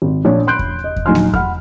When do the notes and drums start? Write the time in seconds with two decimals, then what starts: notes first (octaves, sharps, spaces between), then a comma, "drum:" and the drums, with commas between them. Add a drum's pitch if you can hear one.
0.02 G#1
0.25 A#1 D4 C#5
0.47 B5 C6 F#6 G6 D7
0.59 drum: kick E2
0.84 D#5
0.96 drum: kick E2
1.06 A#1 F#3 D#4 G#5 C6 F6
1.15 drum: snare G#3
1.34 F#5 B5 F6, drum: kick E2